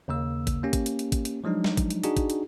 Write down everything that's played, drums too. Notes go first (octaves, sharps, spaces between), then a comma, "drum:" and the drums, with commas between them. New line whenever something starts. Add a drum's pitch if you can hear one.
D#2 C#3 A#3 E6
drum: kick, hi-hat
A#3 C#4 G4
drum: kick, hi-hat
drum: hi-hat
drum: hi-hat
drum: kick, hi-hat
drum: hi-hat
F3 F#3 G#3 D4 D#4
drum: snare
drum: kick, hi-hat
drum: hi-hat
D4 D#4 F#4 G#4, drum: hi-hat
drum: kick, hi-hat
drum: hi-hat